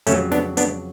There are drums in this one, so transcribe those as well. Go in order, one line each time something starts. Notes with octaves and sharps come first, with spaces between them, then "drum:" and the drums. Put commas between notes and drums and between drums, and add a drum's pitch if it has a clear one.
F2 C#3 F#3 A3 C#4, drum: hi-hat
B3 D4, drum: snare
B3 D4, drum: hi-hat